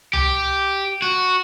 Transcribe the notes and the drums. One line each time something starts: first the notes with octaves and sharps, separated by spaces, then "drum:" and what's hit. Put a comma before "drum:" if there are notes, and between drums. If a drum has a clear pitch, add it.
G4, drum: tom C2
F#4